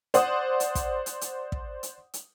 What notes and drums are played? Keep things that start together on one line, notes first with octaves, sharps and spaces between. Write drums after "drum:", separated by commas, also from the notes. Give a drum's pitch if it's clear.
C5 D5 F#5 D#6, drum: hi-hat
drum: hi-hat
drum: kick, hi-hat
drum: hi-hat
drum: hi-hat
drum: kick
drum: hi-hat
drum: hi-hat